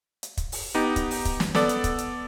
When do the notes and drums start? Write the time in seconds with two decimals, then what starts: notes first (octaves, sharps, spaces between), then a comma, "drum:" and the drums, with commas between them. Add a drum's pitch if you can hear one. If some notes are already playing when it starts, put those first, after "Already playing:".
0.23 drum: hi-hat
0.37 drum: kick, hi-hat
0.52 drum: open hi-hat
0.74 B3 D#4 G4
0.96 drum: kick, hi-hat
1.11 drum: open hi-hat
1.25 drum: kick, hi-hat
1.40 drum: snare
1.55 B3 A4 D5, drum: snare
1.69 drum: hi-hat
1.84 drum: kick, hi-hat
1.98 drum: hi-hat